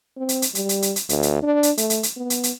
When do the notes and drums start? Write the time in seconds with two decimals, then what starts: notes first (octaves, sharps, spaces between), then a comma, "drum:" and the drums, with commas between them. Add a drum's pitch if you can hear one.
0.17 C4
0.29 drum: hi-hat
0.42 drum: hi-hat
0.55 G3, drum: hi-hat
0.69 drum: hi-hat
0.82 drum: hi-hat
0.96 drum: hi-hat
1.09 D2, drum: hi-hat
1.23 drum: hi-hat
1.43 D4
1.63 drum: hi-hat
1.78 A3, drum: hi-hat
1.90 drum: hi-hat
2.03 drum: hi-hat
2.17 B3
2.30 drum: hi-hat
2.43 drum: hi-hat